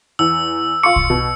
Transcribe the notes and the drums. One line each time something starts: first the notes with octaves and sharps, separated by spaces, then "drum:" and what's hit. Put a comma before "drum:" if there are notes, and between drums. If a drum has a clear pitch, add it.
E2 E6
F4 C6 C#6 C#7
drum: kick
B2